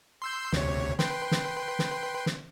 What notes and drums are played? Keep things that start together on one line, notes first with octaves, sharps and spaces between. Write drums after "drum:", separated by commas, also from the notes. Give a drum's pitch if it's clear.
C6 E6 G6
D2 C3 C#5, drum: snare
B4 G5 C6, drum: snare
drum: snare
drum: snare
drum: snare